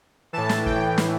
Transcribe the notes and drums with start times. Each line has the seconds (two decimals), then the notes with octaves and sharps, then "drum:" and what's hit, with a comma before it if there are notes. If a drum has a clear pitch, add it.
0.33 A2 E3 A5
0.49 drum: snare
0.66 G5, drum: kick
0.98 drum: snare